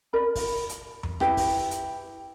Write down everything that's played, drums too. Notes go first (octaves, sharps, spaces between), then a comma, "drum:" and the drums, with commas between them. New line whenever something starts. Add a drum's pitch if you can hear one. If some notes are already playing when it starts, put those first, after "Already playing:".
A#4 D5 B5
drum: kick, open hi-hat
drum: hi-hat
drum: tom F2
E4 G4 B4, drum: rim click
drum: kick, open hi-hat
drum: hi-hat